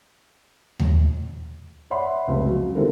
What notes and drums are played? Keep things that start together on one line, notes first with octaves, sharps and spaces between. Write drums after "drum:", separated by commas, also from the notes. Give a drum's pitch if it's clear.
drum: tom D#2
C#5 D5 E5 F#5 B5 C6
F1 C#2
F#3
D3 E3 G3 C4 A4 A#4